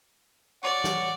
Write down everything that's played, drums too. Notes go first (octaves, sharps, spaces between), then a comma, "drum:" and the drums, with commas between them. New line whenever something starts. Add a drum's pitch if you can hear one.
C#5 D5 F#5
drum: snare